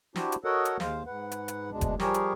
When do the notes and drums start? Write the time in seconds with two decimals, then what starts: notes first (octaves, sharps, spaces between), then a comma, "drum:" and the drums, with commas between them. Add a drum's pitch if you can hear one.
0.16 D4 E4 F#4 G4 C5, drum: snare
0.32 drum: hi-hat
0.44 F#4 A4 A#4 C#5 D#5 F#5
0.65 drum: hi-hat
0.80 D#2 G#3 C5 F5, drum: snare
1.06 G#2 B4 F#5
1.31 drum: hi-hat
1.48 drum: hi-hat
1.71 D2 B2 G#3 D4
1.81 drum: kick F1, hi-hat
2.00 F3 G3 G4 G#4 A#4 C#5, drum: snare
2.14 drum: hi-hat